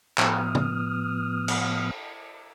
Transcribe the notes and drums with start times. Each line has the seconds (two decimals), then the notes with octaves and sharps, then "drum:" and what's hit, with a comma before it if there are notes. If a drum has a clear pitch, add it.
0.18 A2 F3 B3 D#6 F6, drum: clap
0.55 drum: tom C#3
1.48 drum: cymbal